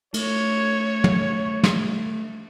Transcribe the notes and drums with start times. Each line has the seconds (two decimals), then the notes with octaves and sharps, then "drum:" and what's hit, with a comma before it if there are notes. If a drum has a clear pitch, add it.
0.14 A3 C#5, drum: cymbal
1.04 drum: tom
1.63 drum: snare